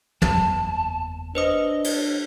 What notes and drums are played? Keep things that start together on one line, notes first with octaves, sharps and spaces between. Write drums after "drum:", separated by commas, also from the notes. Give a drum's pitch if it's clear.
F#1 E2 A5, drum: tom
D4 B4 C5 D#5 D#6
drum: cymbal